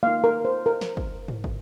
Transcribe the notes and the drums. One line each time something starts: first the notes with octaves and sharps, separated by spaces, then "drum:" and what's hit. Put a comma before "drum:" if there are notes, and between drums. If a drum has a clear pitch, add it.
A#3 D#4 F5
A#4
C5
A#4
drum: snare
drum: kick
drum: tom G#2
drum: kick